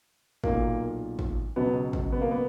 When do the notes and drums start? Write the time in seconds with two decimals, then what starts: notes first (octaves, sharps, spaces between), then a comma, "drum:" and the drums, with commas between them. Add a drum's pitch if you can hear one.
0.44 B1 A#2 F#3 A#3, drum: kick G#1
1.19 drum: kick G#1
1.56 C#2 B2 F#3 B3
1.93 drum: kick G#1
2.12 B3
2.21 A#3
2.31 B3